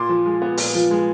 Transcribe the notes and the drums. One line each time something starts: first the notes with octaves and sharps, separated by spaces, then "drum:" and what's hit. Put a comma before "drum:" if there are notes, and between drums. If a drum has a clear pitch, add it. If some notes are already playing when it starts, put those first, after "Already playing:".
Already playing: A#2 C6 D6
F3
G#3
B3
A#2, drum: open hi-hat
F3
G#3